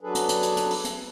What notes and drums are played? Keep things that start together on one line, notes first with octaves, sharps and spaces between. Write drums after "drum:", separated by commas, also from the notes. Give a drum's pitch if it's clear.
F#3 D4 G#4 A4 B4
drum: hi-hat
drum: hi-hat
drum: hi-hat
drum: hi-hat
drum: open hi-hat
drum: hi-hat